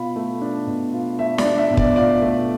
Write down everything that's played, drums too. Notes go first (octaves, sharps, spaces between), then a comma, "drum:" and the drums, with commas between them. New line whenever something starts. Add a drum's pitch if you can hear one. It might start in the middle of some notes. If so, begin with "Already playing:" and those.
Already playing: B2 F4 B5
A3
D4
B2
F4
A3 E5
D5, drum: snare
D4
E5
B2
D5, drum: kick
F4 D5
A3